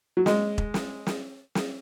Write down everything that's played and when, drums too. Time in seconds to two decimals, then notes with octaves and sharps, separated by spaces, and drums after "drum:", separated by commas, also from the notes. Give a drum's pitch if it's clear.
0.17 F#3
0.26 G#3, drum: snare
0.58 drum: kick E1
0.74 drum: snare
1.07 drum: snare
1.55 drum: snare